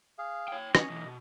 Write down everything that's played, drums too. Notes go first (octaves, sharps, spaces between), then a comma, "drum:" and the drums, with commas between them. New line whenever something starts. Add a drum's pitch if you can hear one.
G#4 F5
C#5 G5
C#4 D#5, drum: rim click
B1 E3
B2